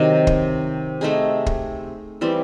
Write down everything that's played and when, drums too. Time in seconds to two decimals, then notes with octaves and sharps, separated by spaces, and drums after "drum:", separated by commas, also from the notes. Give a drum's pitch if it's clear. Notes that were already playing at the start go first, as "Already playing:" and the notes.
Already playing: C3 D#3 F#3
0.27 drum: kick
1.01 A3 C4 D#4 G#4
1.46 drum: kick
2.21 E3 G3 C4